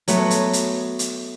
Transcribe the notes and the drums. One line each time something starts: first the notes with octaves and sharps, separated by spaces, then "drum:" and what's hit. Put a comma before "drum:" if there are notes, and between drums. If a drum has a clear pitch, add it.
F#3 A3 B3, drum: hi-hat
drum: hi-hat
drum: hi-hat
drum: hi-hat